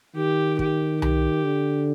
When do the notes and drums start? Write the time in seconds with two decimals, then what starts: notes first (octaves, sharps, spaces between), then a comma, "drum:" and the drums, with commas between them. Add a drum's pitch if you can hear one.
0.15 D#3 G4
0.59 G4, drum: kick
1.02 G4, drum: tom C2
1.44 D3